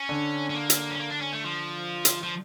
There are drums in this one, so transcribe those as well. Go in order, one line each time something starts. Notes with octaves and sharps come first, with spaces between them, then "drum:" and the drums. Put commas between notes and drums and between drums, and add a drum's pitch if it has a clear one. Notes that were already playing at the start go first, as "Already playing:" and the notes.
Already playing: C#4
D3
C#4
A#3
drum: hi-hat
C#4
A#3
D4
C#4
A3
F3
drum: hi-hat
F3